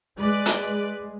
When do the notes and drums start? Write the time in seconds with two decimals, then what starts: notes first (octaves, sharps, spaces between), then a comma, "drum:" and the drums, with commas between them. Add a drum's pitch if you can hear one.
0.17 G#3 B4 D5
0.46 drum: hi-hat